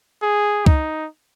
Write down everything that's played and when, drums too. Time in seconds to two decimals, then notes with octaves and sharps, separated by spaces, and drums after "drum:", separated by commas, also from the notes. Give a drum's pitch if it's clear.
0.23 G#4
0.66 D#4, drum: kick C#2